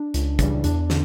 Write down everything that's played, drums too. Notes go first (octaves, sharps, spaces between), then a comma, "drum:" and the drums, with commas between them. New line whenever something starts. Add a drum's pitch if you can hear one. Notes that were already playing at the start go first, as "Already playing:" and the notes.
Already playing: D4
C#2, drum: hi-hat
C#3 E3 G3, drum: kick, hi-hat
E2 D4, drum: hi-hat
D3, drum: snare